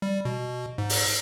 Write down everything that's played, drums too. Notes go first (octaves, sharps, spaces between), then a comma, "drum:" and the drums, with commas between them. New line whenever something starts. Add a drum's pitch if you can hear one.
G3
B2
G#2
drum: open hi-hat